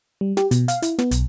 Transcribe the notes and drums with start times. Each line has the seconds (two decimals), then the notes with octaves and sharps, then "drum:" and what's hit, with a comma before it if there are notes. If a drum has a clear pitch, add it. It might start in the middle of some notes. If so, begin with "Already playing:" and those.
0.21 G3
0.37 G4, drum: snare
0.51 B2, drum: hi-hat
0.68 F5, drum: hi-hat
0.82 E4, drum: hi-hat
0.99 B3, drum: snare
1.11 B1, drum: hi-hat